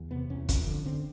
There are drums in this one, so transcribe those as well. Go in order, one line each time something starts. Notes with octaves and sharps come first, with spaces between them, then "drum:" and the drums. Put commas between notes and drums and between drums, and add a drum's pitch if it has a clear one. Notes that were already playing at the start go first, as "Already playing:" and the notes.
Already playing: E2
C3 B3
E2 C#4
F2 C#4, drum: kick, hi-hat
D3
D3 C4